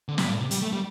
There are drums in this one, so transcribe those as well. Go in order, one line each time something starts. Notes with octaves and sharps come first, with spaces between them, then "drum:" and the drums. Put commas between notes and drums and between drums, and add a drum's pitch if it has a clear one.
D3
C3, drum: snare
G2
A2
C3
G3, drum: hi-hat
A3
G3